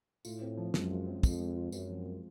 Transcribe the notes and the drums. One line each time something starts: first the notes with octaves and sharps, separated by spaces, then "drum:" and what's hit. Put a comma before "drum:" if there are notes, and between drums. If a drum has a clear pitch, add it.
A2 F4, drum: tambourine
C4
F3
F#2 G#3, drum: snare
F4
C4
F2 F3, drum: kick, tambourine
G#3
F4
F#2 C4, drum: tambourine
F3
G#3